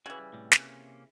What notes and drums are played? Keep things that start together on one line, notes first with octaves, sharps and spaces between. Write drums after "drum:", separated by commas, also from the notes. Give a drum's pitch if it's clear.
C#3 E3 E4 F#4
G3
A2 C3 G3
C3 A#3 C#4, drum: snare